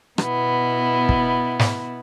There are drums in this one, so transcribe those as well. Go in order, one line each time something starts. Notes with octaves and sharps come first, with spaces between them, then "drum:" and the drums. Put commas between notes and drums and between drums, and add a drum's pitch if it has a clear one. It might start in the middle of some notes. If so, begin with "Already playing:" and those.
B2 B3 E4, drum: rim click
drum: kick
drum: snare